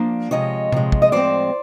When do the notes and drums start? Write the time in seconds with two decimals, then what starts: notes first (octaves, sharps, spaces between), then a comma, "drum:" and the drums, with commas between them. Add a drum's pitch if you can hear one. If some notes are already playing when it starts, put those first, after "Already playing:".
Already playing: F3 A#3 D4
0.31 C3 F3 G#3 C#5 D#5
0.72 C3 F3 G#3, drum: tom A#2
0.92 drum: kick
1.02 D#5
1.12 A2 F3 G#3 C4 C5 D5